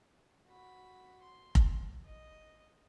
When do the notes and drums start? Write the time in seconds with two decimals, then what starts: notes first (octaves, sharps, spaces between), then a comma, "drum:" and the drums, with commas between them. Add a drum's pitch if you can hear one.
0.47 F#4 B5
1.23 C6
1.55 drum: kick F1
2.06 D#5